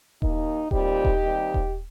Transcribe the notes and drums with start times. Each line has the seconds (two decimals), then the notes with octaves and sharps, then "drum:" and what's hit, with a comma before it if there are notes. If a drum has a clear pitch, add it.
0.22 D#2 D#3 A#3 D#4, drum: kick D#1
0.71 A#2 G3 C4 D#4 G4, drum: kick D#1
1.05 drum: kick D#1
1.21 D#2 D#3 G3 C4
1.54 drum: kick D#1